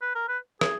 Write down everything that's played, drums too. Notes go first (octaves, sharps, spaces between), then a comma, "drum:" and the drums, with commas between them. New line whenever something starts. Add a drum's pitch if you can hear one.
B4
A#4
B4
G#4, drum: rim click